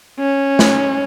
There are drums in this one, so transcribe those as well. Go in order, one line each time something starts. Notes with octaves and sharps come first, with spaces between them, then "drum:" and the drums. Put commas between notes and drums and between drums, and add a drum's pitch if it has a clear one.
C#4
drum: snare